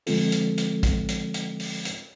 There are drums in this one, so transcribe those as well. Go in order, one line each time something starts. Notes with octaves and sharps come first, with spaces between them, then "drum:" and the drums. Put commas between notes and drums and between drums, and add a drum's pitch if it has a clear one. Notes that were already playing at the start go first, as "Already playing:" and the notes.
D3 F3 G#3 C4 F4 A4, drum: open hi-hat
drum: hi-hat
drum: hi-hat
drum: kick A1, hi-hat
drum: hi-hat
drum: hi-hat
drum: open hi-hat
drum: hi-hat